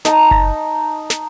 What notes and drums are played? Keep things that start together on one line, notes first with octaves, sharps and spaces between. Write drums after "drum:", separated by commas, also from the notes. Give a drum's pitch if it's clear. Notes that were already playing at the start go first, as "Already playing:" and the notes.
D#4 A5 A#5, drum: snare
drum: kick F#1
drum: snare